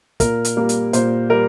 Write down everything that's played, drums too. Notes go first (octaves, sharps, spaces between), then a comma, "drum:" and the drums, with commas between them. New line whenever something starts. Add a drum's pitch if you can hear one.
A#2 A#4, drum: kick, hi-hat
drum: hi-hat
G3 A#3
drum: hi-hat
A#2 C5, drum: hi-hat
G3 A#4